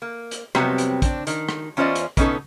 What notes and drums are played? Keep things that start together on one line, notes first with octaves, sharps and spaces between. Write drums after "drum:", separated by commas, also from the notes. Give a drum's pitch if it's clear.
A#3
drum: hi-hat
F2 C3 F#3 G3 B3 C4, drum: rim click
drum: hi-hat
C4 D4, drum: kick, hi-hat
D#3, drum: hi-hat
drum: rim click
E2 C#4 F4 C5 D5 D#5
drum: hi-hat
B2 B3 C#4 D#4 A4, drum: kick, hi-hat